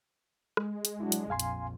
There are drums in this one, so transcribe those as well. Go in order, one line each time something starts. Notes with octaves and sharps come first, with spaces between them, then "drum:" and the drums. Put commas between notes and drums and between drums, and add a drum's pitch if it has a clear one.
G#3, drum: rim click
drum: hi-hat
F#3 D4 E4 F#4
drum: hi-hat
A#1 F2 F5 G#5 C6
drum: hi-hat